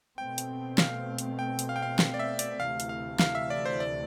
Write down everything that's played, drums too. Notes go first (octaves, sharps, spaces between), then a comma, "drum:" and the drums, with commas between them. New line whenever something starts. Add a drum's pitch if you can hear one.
B2 A3 C4 G5
drum: hi-hat
F5, drum: snare
drum: hi-hat
G5
drum: hi-hat
F5
G5
F5
F5, drum: snare
D5
E5
D5, drum: hi-hat
D2 C3 E3 A3 F5
drum: hi-hat
F5
F5, drum: snare
E5
D5
C5
D5